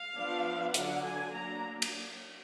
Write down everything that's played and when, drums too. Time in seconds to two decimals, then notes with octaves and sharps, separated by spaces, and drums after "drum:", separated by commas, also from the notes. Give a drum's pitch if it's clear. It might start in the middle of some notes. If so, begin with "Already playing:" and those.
Already playing: F5
0.15 F3 B3 D4
0.74 D3 F#3 D4 F#5, drum: hi-hat
1.05 G#5
1.34 F#3 A#3 D4 A#5
1.82 drum: cymbal